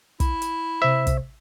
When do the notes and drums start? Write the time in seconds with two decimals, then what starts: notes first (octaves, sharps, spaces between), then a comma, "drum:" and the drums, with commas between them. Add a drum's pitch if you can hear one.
0.20 E4, drum: kick, hi-hat
0.42 drum: hi-hat
0.82 C3 C5 E5
1.07 drum: kick, hi-hat